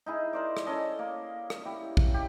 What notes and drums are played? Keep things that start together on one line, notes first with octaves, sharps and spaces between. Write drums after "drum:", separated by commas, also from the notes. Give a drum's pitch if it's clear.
D#4 E4 G#4
A#4 C5 D5
drum: rim click
C#4 A4 D#5
A#3
drum: rim click
E4 G4
drum: kick
G4